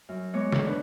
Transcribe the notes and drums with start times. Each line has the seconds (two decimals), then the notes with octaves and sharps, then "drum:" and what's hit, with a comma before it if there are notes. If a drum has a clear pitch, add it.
0.09 F#2
0.33 G#3 B3 C#5 D6
0.52 drum: snare
0.64 D4 B4